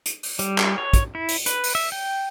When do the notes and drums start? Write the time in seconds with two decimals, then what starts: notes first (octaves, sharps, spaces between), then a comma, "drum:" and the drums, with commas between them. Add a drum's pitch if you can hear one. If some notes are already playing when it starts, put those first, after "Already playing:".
0.06 drum: hi-hat
0.23 drum: open hi-hat
0.39 G3, drum: hi-hat
0.58 drum: clap
0.78 C#5
0.93 drum: kick, hi-hat
1.15 E4
1.29 drum: open hi-hat
1.46 B4, drum: hi-hat
1.64 drum: open hi-hat
1.75 E5
1.92 G5